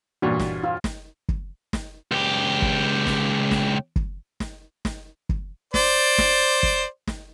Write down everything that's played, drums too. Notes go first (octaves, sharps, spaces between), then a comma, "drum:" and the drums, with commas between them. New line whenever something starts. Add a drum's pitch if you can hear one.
E2 G2 A#2 F#4
drum: snare
F4
drum: snare
drum: kick
drum: snare
C#2 G4
drum: kick
drum: snare
drum: snare
drum: kick
drum: snare
drum: snare
drum: kick
C5 D5, drum: snare
drum: snare
drum: kick
drum: snare